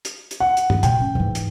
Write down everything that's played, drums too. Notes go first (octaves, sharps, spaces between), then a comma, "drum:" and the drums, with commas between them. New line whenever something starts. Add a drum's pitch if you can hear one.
drum: hi-hat
drum: hi-hat
F#5
drum: hi-hat
drum: tom G2
A#2 G5, drum: hi-hat
C#4
G#2 E3
drum: hi-hat